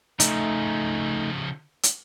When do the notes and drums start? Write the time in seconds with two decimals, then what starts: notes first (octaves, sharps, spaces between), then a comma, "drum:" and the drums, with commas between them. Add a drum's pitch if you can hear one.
0.20 C#3 F3 A3 D#4, drum: hi-hat
1.83 drum: hi-hat